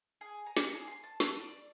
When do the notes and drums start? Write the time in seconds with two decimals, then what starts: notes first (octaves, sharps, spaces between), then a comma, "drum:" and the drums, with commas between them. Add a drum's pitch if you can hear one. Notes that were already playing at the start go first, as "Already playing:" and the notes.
0.21 G#4
0.47 A#5
0.57 drum: snare
0.75 G#4
0.87 C6
1.04 A5
1.20 A4, drum: snare
1.40 D5